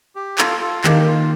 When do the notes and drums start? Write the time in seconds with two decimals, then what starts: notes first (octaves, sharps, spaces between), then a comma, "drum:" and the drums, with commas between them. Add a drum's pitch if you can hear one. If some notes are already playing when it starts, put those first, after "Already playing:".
0.16 G4
0.38 F4 A4, drum: clap
0.61 F4 A4
0.84 D#3 A#3 D#4 G4 A#4 F5, drum: clap
1.07 F4